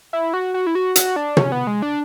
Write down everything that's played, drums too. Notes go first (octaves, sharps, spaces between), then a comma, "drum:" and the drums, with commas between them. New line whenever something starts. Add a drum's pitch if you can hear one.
E4
F#4
F#4
E4
F#4
F#4, drum: hi-hat
D4
C#4, drum: tom
B3
G#3
D4